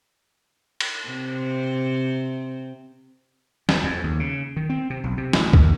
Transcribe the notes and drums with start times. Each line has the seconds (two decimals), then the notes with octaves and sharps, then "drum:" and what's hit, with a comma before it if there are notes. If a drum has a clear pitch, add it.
0.81 drum: cymbal
1.08 C3 C4
3.69 E2, drum: snare
3.84 F2
4.04 D#2
4.20 C#3
4.56 D#3
4.69 C4
4.90 C3
5.04 B1
5.17 C3
5.33 A1, drum: snare
5.53 D#2, drum: kick